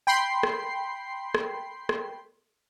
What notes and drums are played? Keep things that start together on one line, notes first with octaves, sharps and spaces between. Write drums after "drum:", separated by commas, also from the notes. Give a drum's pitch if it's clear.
G5 B5 C6 C7
drum: rim click
drum: rim click
drum: rim click